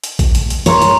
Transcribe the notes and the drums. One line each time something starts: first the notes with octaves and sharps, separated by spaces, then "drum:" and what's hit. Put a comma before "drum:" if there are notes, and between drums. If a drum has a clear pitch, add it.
drum: hi-hat
drum: kick A#1, hi-hat
drum: hi-hat
drum: hi-hat
A#4 C#5 A#5 C6, drum: hi-hat
drum: hi-hat